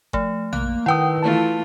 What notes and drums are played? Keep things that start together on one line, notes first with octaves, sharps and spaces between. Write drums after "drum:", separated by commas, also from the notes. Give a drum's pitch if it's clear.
F3 A3, drum: kick G1
A#3 F#6, drum: tom A#1
D#3 E4 B4 F#5 G5 D#6
E3 A3 F4 A5